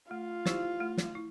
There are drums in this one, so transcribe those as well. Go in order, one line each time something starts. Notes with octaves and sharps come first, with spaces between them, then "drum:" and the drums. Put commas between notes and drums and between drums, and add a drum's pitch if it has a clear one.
A3 F4
E4 G4 C5, drum: snare
A3
drum: snare
E4